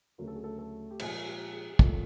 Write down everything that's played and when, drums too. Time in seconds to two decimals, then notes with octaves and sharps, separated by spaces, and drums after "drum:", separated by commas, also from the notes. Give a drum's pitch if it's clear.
0.18 D2 C#3 F#3 A3 A#4
0.28 A4
0.35 G#4
0.43 A3 A4
0.58 A3 A4
0.91 G4
0.99 A#2 F3 G#3 G#4, drum: cymbal
1.26 G4
1.53 G#4
1.71 G#4
1.79 C2 A#2 F3 A3 A4, drum: kick